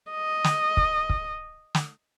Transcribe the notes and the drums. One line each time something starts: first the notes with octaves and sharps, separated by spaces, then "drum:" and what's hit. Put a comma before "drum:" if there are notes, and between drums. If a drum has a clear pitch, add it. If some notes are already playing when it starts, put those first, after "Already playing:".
D#5
drum: snare
drum: kick
drum: kick
drum: snare